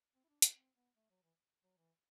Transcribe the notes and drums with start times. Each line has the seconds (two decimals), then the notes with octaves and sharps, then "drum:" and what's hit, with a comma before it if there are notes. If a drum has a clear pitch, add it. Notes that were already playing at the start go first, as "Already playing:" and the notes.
0.15 C4
0.24 E4
0.28 D4
0.42 E4, drum: hi-hat
0.55 C4
0.76 B3
0.96 A3
1.10 F#3
1.23 E3
1.63 F#3
1.77 E3